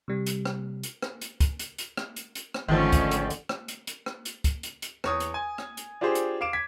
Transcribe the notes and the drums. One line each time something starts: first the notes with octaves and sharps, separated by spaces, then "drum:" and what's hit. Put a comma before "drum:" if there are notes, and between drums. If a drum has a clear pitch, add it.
C3 G3
drum: hi-hat
drum: rim click
drum: hi-hat
drum: rim click
drum: hi-hat
drum: kick, hi-hat
drum: hi-hat
drum: hi-hat
drum: rim click
drum: hi-hat
drum: hi-hat
drum: rim click
G#1 D3 D#3 F3 A3 C#4
drum: kick, hi-hat
drum: hi-hat
drum: hi-hat
drum: rim click
drum: hi-hat
drum: hi-hat
drum: rim click
drum: hi-hat
drum: kick, hi-hat
drum: hi-hat
drum: hi-hat
E2 C#5 D#6, drum: rim click
drum: hi-hat
G#5
drum: rim click
drum: hi-hat
D4 F4 G4 G#4 C5
drum: hi-hat
F5 D6 D7 E7
G#6 B6